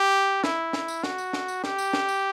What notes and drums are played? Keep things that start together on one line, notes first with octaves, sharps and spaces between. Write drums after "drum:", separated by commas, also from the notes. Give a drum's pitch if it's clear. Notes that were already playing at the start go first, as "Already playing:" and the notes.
Already playing: G4
E4, drum: snare
drum: snare
drum: tambourine
F#4, drum: snare
drum: tambourine
drum: snare
drum: tambourine
G4, drum: snare
drum: tambourine
drum: snare
drum: tambourine